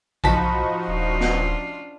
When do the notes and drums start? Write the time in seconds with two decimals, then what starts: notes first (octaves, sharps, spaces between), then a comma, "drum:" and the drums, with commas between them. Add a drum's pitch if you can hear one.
0.24 B1 F3 D#4 F#4 A5 B5, drum: kick A1
0.87 D#1 C#4 D4 F4
1.21 drum: snare